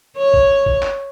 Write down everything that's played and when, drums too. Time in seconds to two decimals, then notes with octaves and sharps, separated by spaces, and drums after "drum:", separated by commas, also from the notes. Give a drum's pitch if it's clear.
0.17 C#5
0.34 drum: kick G#1
0.66 drum: kick G#1
0.82 drum: clap